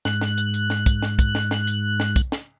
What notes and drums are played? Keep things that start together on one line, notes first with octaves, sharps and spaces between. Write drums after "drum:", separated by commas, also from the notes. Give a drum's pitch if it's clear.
G#2 F#6, drum: snare
drum: snare
drum: hi-hat
drum: hi-hat
drum: snare
drum: kick, hi-hat
drum: snare
drum: kick, hi-hat
drum: snare
drum: snare
drum: hi-hat
drum: snare
drum: kick, hi-hat
drum: snare